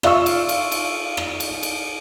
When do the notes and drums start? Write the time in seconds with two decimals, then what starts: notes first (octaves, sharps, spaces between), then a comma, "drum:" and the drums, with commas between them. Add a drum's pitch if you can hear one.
0.03 F4 D5 E5 F5 C#6 E6, drum: rim click
0.26 drum: cymbal
0.49 drum: cymbal
0.72 drum: cymbal
1.17 drum: rim click
1.40 drum: cymbal
1.63 drum: cymbal